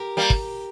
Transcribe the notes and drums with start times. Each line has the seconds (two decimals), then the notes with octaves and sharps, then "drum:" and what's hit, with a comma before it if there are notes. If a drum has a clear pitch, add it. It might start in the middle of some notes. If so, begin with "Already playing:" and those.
Already playing: G4 A#4
0.17 G3 A#3
0.30 drum: kick